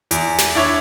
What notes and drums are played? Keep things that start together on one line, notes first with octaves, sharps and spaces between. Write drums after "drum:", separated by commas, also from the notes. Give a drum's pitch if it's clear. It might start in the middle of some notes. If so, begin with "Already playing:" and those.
E2, drum: hi-hat
drum: snare
D4 E4 C#5